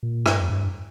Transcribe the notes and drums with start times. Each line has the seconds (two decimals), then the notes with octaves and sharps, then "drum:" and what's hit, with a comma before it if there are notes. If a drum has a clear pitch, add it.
0.03 A#2
0.26 G2, drum: rim click
0.41 F2
0.50 G2